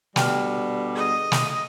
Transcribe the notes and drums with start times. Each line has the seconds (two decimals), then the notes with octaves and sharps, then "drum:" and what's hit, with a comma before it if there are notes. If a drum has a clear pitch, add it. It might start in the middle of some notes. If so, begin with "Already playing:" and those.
0.16 B2 D3 G3 G5 F6, drum: snare
0.95 G#4 D#5
1.32 drum: snare